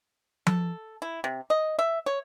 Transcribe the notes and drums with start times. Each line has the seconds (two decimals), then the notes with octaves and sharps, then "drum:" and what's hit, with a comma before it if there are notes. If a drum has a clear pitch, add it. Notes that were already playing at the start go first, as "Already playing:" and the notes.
0.47 A4, drum: tom F3
1.02 E4
1.24 C3
1.50 D#5
1.79 E5
2.06 C#5